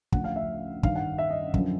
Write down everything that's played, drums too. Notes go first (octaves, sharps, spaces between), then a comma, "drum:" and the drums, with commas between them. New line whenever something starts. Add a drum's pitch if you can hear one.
D2 C#3 F3 F#5, drum: kick
F5
E5
G2 D#3 F5, drum: kick
F#5
E5
D#5
F#2 D3 F3, drum: kick